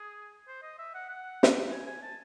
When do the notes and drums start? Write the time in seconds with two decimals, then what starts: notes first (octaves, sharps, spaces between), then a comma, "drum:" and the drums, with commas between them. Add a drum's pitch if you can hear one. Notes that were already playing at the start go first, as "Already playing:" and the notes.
Already playing: G#4
0.48 C5
0.63 D#5
0.79 E5
0.95 F#5
1.09 F#5
1.43 drum: snare
1.71 G#5
1.87 G#5
2.02 A5